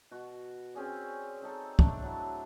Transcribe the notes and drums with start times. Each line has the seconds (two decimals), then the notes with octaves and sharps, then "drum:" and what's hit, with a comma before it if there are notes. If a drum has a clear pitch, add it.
0.11 B2 F#4
0.74 C4 C#4 G#4 D5
1.42 C4 D#4 A4
1.79 A3 D4 D6, drum: kick
2.02 F#3 A3 E4